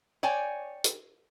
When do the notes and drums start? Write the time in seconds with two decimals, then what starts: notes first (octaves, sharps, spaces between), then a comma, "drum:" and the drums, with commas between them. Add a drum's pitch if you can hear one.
0.23 C#5 D5 G5 G#5
0.84 drum: hi-hat